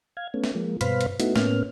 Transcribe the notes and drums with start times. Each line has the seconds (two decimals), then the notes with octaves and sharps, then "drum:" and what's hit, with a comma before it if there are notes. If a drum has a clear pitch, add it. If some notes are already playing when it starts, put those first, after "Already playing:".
0.17 F5 G#6
0.34 A3 B3 C#4
0.44 drum: snare
0.55 F3 G#3 A#3
0.81 G2 B2 B4 C5 F5 B5, drum: hi-hat
1.01 drum: hi-hat
1.20 A3 B3 D#4 E4 F#4, drum: hi-hat
1.36 A2 A#3 B3 C#4 F6, drum: snare